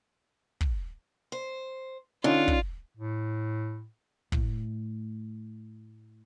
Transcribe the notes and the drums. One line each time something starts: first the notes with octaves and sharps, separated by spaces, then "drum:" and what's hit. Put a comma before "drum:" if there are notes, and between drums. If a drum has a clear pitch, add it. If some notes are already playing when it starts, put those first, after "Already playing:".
drum: kick
C5
D3 C#4 D#4 F4
drum: kick
A2
A2 A3, drum: kick